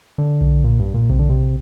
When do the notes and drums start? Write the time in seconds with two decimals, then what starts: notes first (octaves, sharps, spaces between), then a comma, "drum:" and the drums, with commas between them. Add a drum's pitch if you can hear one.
0.18 D3
0.41 drum: kick B1
0.64 A#2
0.79 G2
0.94 A#2
1.10 C3, drum: kick B1
1.19 D3
1.29 C3